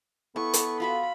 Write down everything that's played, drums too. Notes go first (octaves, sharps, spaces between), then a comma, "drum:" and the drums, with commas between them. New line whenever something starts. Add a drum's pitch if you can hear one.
B3 E4 A4 C#6
drum: hi-hat
F4 F#4 E5 B5